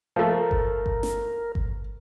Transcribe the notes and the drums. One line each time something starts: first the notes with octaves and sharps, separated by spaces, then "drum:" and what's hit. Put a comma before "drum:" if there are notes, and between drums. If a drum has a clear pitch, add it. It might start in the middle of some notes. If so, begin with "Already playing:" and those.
F3 A3 A#4
drum: kick G1
drum: kick G1
drum: snare
drum: kick G1